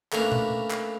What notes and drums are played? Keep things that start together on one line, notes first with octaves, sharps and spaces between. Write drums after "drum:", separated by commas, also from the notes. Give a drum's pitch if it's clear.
A3 A#3 C#4 D4 A#4 B4, drum: clap
drum: tom B2
drum: clap